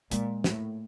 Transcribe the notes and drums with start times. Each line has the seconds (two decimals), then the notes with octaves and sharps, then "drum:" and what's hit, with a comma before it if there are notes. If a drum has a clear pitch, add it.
0.12 A#2 G#3, drum: hi-hat
0.44 A2, drum: snare